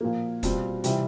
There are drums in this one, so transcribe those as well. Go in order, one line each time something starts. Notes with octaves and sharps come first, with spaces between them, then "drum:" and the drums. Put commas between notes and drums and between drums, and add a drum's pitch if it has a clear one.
A#2 F3 A#3
B2 G3 C4 F4, drum: kick, hi-hat
C3 E3 G3 C4 F4, drum: hi-hat